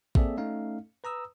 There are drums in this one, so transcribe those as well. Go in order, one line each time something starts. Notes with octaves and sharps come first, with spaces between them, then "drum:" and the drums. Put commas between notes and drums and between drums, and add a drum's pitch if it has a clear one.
A#3 C4 G#4 A4 D5 E5, drum: kick
A3 C#4 D#4 F5
B4 A#5 D#6 E6